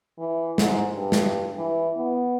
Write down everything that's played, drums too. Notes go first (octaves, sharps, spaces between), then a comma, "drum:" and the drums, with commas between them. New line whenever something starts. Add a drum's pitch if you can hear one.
E3
G#2, drum: snare
G2
drum: snare
E3
B3